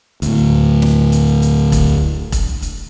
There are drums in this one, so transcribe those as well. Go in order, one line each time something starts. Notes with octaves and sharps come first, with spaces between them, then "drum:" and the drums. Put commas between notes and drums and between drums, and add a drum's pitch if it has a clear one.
D2 A2, drum: hi-hat
drum: snare
drum: hi-hat
drum: hi-hat
drum: kick E1, hi-hat
drum: kick E1, hi-hat
drum: hi-hat